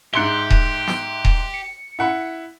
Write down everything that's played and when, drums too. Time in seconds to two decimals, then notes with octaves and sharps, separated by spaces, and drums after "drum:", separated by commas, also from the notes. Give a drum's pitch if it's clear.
0.14 G#2 G4 E5 C6 F#6 C#7 G7
0.50 drum: kick D#1
0.88 drum: snare
1.25 drum: kick D#1
1.54 C#7
1.99 E4 F#5 B5